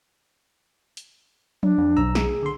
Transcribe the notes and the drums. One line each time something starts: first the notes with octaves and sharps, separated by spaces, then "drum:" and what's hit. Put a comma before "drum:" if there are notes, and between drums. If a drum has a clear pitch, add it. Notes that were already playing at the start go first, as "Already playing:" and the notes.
drum: hi-hat
D4, drum: tom F3
F2
B1 A#5 E6
G#4, drum: snare
D3 C6